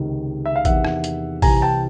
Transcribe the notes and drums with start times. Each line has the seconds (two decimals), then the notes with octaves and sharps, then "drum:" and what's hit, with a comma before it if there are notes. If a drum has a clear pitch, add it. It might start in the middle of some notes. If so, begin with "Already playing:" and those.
Already playing: C#2 C3 D#3
0.46 E5
0.56 F5
0.65 E2 C3 D#3 E5 F#5, drum: kick A1, hi-hat
0.84 drum: rim click
1.04 drum: hi-hat
1.42 C2 C3 E3 G#5 A#5, drum: kick A1, open hi-hat
1.62 G5 A5